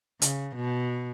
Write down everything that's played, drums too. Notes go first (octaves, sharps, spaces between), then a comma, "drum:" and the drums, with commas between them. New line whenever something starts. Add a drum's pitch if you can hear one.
C#3, drum: hi-hat
B2